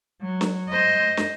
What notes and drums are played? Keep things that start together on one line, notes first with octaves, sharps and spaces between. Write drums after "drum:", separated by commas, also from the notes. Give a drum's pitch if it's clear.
F#3
drum: snare
C5 D#5
drum: snare